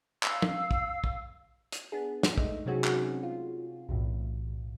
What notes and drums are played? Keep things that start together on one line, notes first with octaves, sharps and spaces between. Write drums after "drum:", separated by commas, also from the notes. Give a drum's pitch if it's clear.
F5 E6, drum: clap
drum: tom
drum: kick
drum: kick
drum: hi-hat
B3 D4 G#4
drum: snare
G#3 A3 D#4, drum: kick
C3 F#3 C4 C#4 F#4 G#4
drum: clap
F4
B1 E2 A2